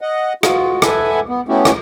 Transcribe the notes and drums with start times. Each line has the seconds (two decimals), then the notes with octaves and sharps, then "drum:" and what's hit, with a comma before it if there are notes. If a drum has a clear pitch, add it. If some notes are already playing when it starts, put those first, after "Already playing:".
0.01 D#5 F#5
0.43 F4 F#4, drum: rim click
0.82 A4 B4 E5 F#5 G#5, drum: rim click
1.29 B3
1.49 A3 B3 C#4 E4 F#4 G4
1.65 drum: rim click